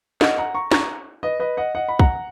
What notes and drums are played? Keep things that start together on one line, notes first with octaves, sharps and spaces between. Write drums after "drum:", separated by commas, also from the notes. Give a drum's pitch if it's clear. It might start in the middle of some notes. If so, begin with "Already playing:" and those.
D#5 F#5, drum: snare
F#5 A#5
A#5 C#6
A#5 C#6, drum: snare
B4 D#5
B4 D#5
D#5 F#5
D#5 F#5
B5
F#5 A#5, drum: kick